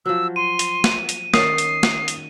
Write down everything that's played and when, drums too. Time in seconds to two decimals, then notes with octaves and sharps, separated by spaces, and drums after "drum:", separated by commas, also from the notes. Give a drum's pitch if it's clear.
0.06 F3 F#3 E6
0.36 C6 D#7
0.59 drum: hi-hat
0.84 drum: snare
1.09 drum: hi-hat
1.34 D#3 C#4 D5 D#6 C7, drum: snare
1.58 drum: hi-hat
1.83 drum: snare
2.08 drum: hi-hat